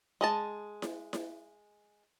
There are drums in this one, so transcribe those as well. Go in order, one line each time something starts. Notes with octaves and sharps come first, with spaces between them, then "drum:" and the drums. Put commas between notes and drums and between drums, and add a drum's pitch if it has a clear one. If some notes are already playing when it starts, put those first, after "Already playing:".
G#3 D#5 A5
drum: snare E4
drum: snare E4